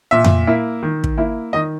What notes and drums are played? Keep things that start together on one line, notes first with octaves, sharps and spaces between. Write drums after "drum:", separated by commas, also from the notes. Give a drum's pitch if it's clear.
A#2 E5
drum: tom F2
A#3 E4
D#3
drum: kick
A#3 E4
D#3 D#5